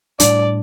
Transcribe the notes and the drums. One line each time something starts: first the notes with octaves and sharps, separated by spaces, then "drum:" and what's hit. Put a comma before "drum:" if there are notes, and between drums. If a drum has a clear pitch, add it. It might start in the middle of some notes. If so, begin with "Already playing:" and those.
A2 G3 D4 D5, drum: hi-hat